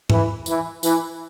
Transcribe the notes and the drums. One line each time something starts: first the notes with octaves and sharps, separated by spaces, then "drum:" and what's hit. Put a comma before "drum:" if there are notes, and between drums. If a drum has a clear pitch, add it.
E3, drum: tom G#2
E3, drum: tambourine
E3, drum: tambourine